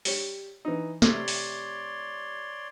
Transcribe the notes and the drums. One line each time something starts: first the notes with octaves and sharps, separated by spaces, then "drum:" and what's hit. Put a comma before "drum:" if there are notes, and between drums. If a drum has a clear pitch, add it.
G3 C#5, drum: open hi-hat
E3 D#4
C3 G3 A3 C#5 D5 C6, drum: snare
drum: open hi-hat